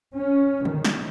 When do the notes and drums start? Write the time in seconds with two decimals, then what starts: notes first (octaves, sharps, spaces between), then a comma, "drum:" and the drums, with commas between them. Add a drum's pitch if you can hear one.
0.14 C#4
0.65 D#3, drum: tom C#3
0.85 drum: snare